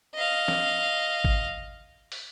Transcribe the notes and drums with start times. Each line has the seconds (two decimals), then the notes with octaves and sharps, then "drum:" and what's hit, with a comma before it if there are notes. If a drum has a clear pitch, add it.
0.15 D#5 F5
0.48 drum: snare
1.25 drum: kick G#1
2.12 drum: open hi-hat